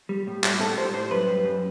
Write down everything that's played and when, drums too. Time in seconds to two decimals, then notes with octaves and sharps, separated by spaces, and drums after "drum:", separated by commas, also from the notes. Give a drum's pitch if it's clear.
0.09 G3
0.27 A2
0.44 A2, drum: clap
0.60 A2 A4
0.78 G3 C5
0.93 A2 C5
1.11 F#2 B4
1.27 G3
1.45 F#2